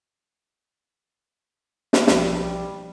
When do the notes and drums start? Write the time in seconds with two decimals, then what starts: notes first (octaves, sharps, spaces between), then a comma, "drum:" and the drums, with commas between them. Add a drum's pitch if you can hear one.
1.93 drum: snare
2.07 B1 F3 G3 D4, drum: snare